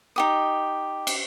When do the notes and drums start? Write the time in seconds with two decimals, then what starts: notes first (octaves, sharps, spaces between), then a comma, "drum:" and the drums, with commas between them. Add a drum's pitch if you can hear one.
0.16 D#4 G4 D#6
1.07 drum: cymbal